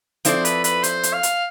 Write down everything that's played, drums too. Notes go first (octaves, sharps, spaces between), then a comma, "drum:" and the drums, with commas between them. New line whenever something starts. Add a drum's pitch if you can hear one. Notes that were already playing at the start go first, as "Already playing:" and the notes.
F3 C4 E4 A4 C5 D5, drum: hi-hat
B4, drum: hi-hat
B4, drum: hi-hat
C5, drum: hi-hat
drum: hi-hat
F5
drum: hi-hat